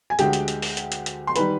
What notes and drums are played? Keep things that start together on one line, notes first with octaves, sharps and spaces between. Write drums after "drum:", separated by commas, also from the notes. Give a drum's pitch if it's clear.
G#5
D2 D3 G#3 G4 G5, drum: hi-hat
drum: hi-hat
drum: hi-hat
drum: open hi-hat
drum: hi-hat
drum: hi-hat
drum: hi-hat
C6
D#3 G3 B4 B5, drum: hi-hat